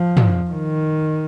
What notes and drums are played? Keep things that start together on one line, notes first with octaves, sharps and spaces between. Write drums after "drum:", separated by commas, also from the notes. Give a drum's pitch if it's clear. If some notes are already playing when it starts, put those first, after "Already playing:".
Already playing: F3
drum: tom
D#3